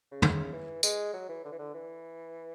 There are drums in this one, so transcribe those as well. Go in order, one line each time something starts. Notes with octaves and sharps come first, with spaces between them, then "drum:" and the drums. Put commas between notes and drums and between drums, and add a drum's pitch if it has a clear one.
C#3
drum: tom
C#3
E3
G#3, drum: tambourine
F#3
E3
D3
E3
D3
E3